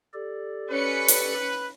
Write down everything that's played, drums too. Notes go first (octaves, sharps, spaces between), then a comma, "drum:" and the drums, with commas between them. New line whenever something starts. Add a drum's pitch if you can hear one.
G4 A4 D5
C#4 B4 C#7
drum: hi-hat